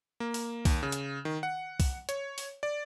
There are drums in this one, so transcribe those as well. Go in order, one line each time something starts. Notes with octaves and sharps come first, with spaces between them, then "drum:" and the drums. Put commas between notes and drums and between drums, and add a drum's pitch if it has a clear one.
A#3
drum: open hi-hat
D#2, drum: kick C2, open hi-hat
C#3
drum: hi-hat
D#3
F#5
drum: kick C2, open hi-hat
C#5, drum: hi-hat
drum: open hi-hat
D5